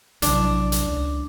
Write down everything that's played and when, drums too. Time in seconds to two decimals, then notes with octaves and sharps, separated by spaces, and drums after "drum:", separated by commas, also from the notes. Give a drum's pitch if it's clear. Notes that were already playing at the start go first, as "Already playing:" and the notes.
0.22 A#1 C3 F#3 D4, drum: hi-hat
0.72 drum: hi-hat
0.85 C#2